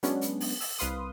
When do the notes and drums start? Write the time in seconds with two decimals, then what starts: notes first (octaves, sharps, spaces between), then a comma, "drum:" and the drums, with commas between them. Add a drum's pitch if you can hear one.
0.03 F#3 G#3 B3 C#4 D4, drum: hi-hat
0.21 drum: hi-hat
0.40 drum: open hi-hat
0.61 E6, drum: open hi-hat
0.79 C2 B4 F5 C6 D#6, drum: hi-hat